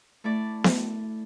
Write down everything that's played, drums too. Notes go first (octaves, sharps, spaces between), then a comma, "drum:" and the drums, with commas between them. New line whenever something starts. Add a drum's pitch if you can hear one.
A3 E4 D5
drum: snare B3